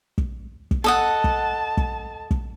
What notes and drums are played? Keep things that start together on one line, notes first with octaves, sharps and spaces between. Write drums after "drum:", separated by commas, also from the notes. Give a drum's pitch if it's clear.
drum: kick
drum: kick
A4 D#5 F#5 A5
drum: kick
drum: kick
drum: kick